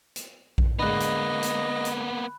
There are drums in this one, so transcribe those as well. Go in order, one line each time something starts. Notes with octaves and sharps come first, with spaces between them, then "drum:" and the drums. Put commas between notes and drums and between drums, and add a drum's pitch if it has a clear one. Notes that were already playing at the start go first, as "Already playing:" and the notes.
drum: hi-hat
drum: kick A#1
D3 G#3 A#3 B3 D#5 B5 F#6
drum: hi-hat
drum: hi-hat
drum: hi-hat